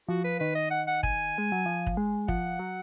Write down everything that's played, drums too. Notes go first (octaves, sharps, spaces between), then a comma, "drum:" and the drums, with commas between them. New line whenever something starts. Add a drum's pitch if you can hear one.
F3 F#4
B4
D#3 B4
D#5
F#5
F#5
G#5, drum: kick
G#3
F#3
F3
drum: kick
G#3
F3 F#5, drum: kick
F#3